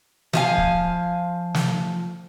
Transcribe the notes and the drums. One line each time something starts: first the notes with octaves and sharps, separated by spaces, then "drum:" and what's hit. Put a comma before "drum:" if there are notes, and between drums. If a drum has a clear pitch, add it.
F3 F5 G#5, drum: snare
drum: kick
drum: snare